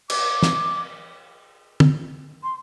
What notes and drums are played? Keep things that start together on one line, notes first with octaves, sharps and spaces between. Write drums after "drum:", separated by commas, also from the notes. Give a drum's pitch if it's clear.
D6, drum: cymbal
drum: snare
drum: tom
C6